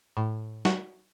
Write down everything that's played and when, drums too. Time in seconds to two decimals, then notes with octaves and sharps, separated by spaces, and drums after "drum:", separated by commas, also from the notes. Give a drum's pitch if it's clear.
0.17 A2
0.65 F#4, drum: snare